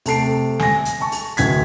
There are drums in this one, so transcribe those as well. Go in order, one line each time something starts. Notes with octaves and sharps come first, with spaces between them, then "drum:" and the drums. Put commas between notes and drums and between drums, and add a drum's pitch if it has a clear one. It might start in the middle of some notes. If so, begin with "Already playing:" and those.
C3 A3 A5 C7 D7, drum: open hi-hat
G#5 A#6, drum: snare
drum: hi-hat
A5 C#6
drum: open hi-hat
D1 G#6 B6, drum: hi-hat